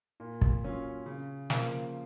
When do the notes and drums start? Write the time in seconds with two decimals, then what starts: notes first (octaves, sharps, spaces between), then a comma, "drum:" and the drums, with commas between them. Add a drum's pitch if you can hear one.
0.20 A#2
0.41 drum: kick
0.64 F#3 C#4 F4
1.06 C#3
1.50 F3 A#3 F4, drum: snare